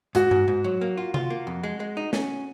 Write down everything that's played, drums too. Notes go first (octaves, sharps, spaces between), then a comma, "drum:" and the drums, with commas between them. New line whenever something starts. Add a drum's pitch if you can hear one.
G#2 F#4, drum: hi-hat
G#2, drum: tom G2
G#2
F#3
A#3
F4
F4, drum: tom C3
A#3
F2
G#3
G#3
D#4
C#4, drum: snare